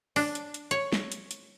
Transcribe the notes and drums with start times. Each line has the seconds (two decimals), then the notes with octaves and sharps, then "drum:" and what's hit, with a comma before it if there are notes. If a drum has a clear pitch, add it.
0.16 D4, drum: open hi-hat
0.35 drum: hi-hat
0.54 drum: hi-hat
0.71 C#5, drum: hi-hat
0.92 drum: snare
1.12 drum: hi-hat
1.31 drum: hi-hat